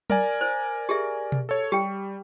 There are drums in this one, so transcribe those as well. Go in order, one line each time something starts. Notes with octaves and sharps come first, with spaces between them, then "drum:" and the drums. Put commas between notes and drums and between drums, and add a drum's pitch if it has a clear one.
A#4 D5 G#5, drum: tom F#3
C5
G4 G#4 E5
drum: tom B2
A4 C#5
G3 G4 G5